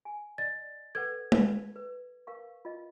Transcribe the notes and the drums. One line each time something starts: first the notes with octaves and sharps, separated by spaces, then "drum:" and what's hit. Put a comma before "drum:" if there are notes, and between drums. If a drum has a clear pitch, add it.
G#5
D5 D#5 A6
A4 B4 F#5 G#6
drum: tom
B4
A#4 F5 C#6
F4 D#5